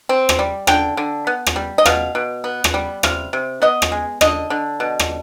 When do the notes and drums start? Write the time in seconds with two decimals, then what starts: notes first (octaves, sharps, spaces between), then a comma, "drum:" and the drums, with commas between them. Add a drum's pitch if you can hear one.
0.09 C4
0.29 drum: rim click
0.39 G3
0.67 D3 G5, drum: rim click
0.97 D3
1.27 B3
1.46 drum: rim click
1.56 G3
1.78 D#5
1.86 B2 F5, drum: rim click
2.15 B2
2.44 B3
2.64 drum: rim click
2.74 G3
3.03 C3 F5, drum: rim click
3.33 C3
3.62 B3 D#5
3.82 drum: rim click
3.92 G#3
4.21 D3 D#5, drum: rim click
4.50 D3
4.80 B2
4.99 drum: rim click